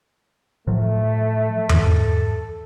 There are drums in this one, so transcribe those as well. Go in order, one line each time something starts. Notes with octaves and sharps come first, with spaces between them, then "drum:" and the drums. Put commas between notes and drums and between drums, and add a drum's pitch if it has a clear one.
A2 F3 F#3 A3
G#2 A4, drum: tom E2